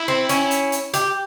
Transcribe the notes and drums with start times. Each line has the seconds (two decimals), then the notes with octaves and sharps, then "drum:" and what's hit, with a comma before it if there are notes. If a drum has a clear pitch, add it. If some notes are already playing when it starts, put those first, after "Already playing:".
Already playing: E4
0.08 C4
0.29 C#4, drum: hi-hat
0.51 drum: hi-hat
0.72 drum: hi-hat
0.94 G4, drum: hi-hat